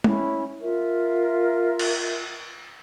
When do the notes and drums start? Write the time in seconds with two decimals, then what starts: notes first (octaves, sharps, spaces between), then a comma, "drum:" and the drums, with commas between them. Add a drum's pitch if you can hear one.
0.04 C#4 E4, drum: tom G#3
0.61 F4 A#4 E5
1.79 drum: cymbal